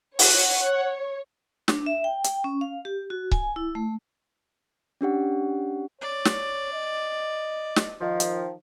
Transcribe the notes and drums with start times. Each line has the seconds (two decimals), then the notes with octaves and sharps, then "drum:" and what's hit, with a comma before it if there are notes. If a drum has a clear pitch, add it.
0.19 C#5 F#5, drum: open hi-hat
1.68 D4, drum: snare
1.86 E5
2.04 G5
2.24 G5, drum: hi-hat
2.44 C#4
2.61 F5
2.85 G4
3.10 F#4
3.31 G#5, drum: kick C#1
3.56 E4
3.75 A3
5.01 C#4 D4 G4 F#5
6.01 C#5 D5
6.25 drum: snare
6.73 D#5
7.76 drum: snare
8.01 D#3 F3
8.20 drum: hi-hat